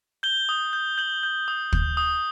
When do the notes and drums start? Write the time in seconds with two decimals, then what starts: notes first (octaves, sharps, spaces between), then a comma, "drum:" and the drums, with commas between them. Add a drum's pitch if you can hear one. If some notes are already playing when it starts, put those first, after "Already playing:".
0.23 G6 G7
0.49 D#6
0.73 G6
0.98 G6 F#7
1.23 G6
1.48 D#6
1.73 G6, drum: kick
1.97 D#6